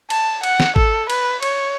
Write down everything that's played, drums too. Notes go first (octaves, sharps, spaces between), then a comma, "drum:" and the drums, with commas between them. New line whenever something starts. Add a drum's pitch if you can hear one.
A5, drum: cymbal
F#5, drum: cymbal
drum: snare
A4, drum: kick
B4, drum: cymbal
C#5, drum: cymbal